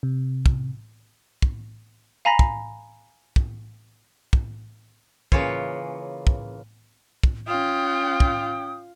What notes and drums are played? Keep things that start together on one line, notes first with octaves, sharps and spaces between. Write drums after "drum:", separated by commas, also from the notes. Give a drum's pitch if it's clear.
C3
drum: kick
drum: kick
F5 G#5 A#5 B5 A#6 B6
drum: kick
drum: kick
drum: kick
C#3 E3 A#3 F4 C#5, drum: kick
drum: kick
drum: kick
C#4 F4 G5 D#6
drum: kick